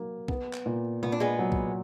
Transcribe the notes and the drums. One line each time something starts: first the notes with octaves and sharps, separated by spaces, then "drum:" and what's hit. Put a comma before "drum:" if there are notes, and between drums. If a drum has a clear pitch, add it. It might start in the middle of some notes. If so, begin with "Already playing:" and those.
Already playing: F#3 A#3
B3, drum: kick B1
drum: clap
A#2
A#2 B3
D4
G#3 B3
F#3
drum: kick B1